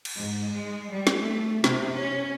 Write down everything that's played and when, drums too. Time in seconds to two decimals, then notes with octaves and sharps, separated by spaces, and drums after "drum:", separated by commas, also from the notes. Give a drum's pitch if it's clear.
0.05 drum: cymbal
0.16 G#2
0.54 G#3
0.91 G3
1.07 drum: snare
1.20 A3
1.64 C3, drum: snare
1.97 C#4